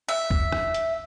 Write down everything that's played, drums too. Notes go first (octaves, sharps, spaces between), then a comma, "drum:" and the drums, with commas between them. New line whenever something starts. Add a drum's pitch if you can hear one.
E5
drum: kick
drum: rim click
drum: hi-hat